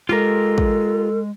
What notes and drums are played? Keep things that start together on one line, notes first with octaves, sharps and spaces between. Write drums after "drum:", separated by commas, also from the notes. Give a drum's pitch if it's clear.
G#3 F4 G4 A4 A#4
drum: kick